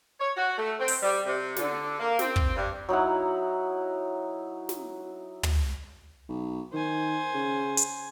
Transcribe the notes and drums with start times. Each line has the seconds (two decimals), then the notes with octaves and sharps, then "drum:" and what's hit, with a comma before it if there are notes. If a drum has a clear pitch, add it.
0.19 C#5
0.36 F#4
0.57 A3
0.79 C4
0.88 drum: open hi-hat
1.02 G3
1.26 C3
1.56 D3, drum: snare
1.98 A#3
2.19 C4, drum: snare
2.36 drum: kick
2.56 G2
2.89 F#3 D#4 E4 F#5
4.69 drum: snare
5.43 drum: tom
6.29 B1
6.73 D#3 C5 G#5
7.34 C#3
7.77 drum: hi-hat